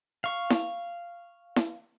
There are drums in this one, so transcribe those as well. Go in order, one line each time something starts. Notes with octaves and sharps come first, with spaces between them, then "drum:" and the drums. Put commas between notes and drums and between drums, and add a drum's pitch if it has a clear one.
F5 C#6
drum: snare E4
drum: snare E4